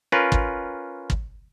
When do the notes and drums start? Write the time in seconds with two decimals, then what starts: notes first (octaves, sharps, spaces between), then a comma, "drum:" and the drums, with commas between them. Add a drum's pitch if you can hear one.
0.12 C#4 F4 A#4 B4
0.32 drum: kick
1.10 drum: kick